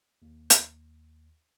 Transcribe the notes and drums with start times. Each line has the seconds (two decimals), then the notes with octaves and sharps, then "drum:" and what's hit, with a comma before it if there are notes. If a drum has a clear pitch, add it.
0.22 D#2
0.50 drum: hi-hat